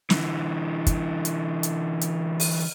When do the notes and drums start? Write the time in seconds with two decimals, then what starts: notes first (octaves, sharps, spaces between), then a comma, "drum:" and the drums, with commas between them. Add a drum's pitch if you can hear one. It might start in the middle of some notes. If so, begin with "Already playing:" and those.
0.10 D3 E3, drum: snare
0.87 drum: kick, hi-hat
1.25 drum: hi-hat
1.63 drum: hi-hat
2.01 drum: hi-hat
2.40 drum: open hi-hat